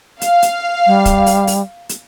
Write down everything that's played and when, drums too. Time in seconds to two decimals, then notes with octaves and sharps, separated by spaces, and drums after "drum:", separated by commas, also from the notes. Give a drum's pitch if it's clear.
0.21 F5, drum: hi-hat
0.42 drum: hi-hat
0.86 G3
1.05 drum: kick, hi-hat
1.26 drum: open hi-hat
1.47 drum: open hi-hat
1.89 drum: hi-hat